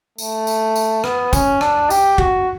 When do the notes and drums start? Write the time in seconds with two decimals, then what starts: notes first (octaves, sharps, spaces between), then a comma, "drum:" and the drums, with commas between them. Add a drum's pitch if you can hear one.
0.18 A3, drum: tambourine
0.47 drum: tambourine
0.76 drum: tambourine
1.04 B3, drum: rim click
1.33 C#4, drum: kick F#1, tambourine
1.61 D4, drum: rim click
1.90 G4, drum: tambourine
2.18 F#4, drum: kick F#1